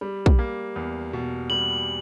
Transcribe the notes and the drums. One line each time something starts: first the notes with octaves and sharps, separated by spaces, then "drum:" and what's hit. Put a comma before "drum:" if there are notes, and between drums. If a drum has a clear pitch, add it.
G3
drum: kick
A#3
E2
B2
G3 F#7